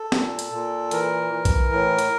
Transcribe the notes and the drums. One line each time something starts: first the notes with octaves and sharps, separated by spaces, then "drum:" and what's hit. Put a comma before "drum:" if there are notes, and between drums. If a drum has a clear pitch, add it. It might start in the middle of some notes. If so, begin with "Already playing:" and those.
Already playing: A4
A#2, drum: snare
drum: hi-hat
A#2
E3 A#4, drum: hi-hat
E3
drum: kick B1, hi-hat
A2
drum: hi-hat